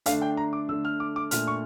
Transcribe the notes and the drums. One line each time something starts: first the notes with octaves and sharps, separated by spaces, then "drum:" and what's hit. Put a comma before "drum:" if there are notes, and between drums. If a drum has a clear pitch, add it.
D3 A3 D4 F5, drum: hi-hat
G5
A#5
D6
D3 A3 D4 E6
F6
D6
D6
A#2 A3 D4 F6, drum: hi-hat
C#6